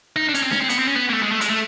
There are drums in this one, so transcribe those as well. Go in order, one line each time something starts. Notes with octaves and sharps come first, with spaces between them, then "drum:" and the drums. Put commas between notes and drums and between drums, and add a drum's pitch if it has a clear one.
D#4
D4
C#4, drum: hi-hat
C4
C#4, drum: snare D4
C4
B3, drum: hi-hat
C4
C#4
B3
A#3
A3
G#3
A3
G#3, drum: hi-hat
A3